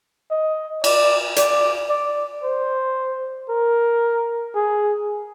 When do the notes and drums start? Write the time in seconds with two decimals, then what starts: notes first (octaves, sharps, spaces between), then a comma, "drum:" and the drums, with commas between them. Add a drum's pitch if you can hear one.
0.31 D#5
0.84 D5, drum: cymbal
1.36 D5, drum: hi-hat
1.89 D5
2.44 C5
3.50 A#4
4.55 G#4